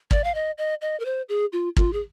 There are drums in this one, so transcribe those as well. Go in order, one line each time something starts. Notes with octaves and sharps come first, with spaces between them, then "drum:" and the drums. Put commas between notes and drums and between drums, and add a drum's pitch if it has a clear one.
D5, drum: kick
F5
D#5
D#5
D#5
A#4
C5
G#4
F4
F4, drum: kick
G#4